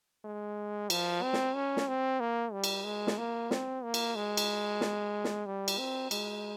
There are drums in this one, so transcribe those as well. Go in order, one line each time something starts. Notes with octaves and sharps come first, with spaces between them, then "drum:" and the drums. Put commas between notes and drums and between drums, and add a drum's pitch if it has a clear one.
G#3
F3, drum: cymbal
C4
drum: snare
C#4
drum: snare
C4
A#3
G3
drum: cymbal
G#3
drum: snare
A#3
C4, drum: snare
A#3
drum: cymbal
G#3
drum: cymbal
drum: snare
drum: snare
G3
drum: cymbal
C4
G#3, drum: cymbal